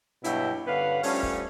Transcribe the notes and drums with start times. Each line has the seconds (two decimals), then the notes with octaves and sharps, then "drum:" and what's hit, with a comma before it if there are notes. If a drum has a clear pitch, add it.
0.24 G2 B2 F#3 E4 E5 G5, drum: hi-hat
0.67 G2 D3 C#4 B4 F5 F#5
1.03 F3 G3 A3 C#4, drum: open hi-hat
1.23 drum: kick